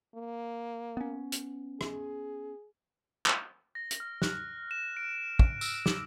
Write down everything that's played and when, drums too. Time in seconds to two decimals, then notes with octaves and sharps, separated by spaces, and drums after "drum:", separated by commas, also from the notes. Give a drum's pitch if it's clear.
0.15 A#3
0.97 B3 C#4
1.32 drum: hi-hat
1.81 G#4, drum: rim click
3.26 drum: clap
3.75 A#6
3.91 drum: hi-hat
4.00 F6
4.22 F#6, drum: snare
4.71 E7
4.97 D7
5.39 drum: kick
5.61 E6, drum: tambourine
5.86 D6, drum: snare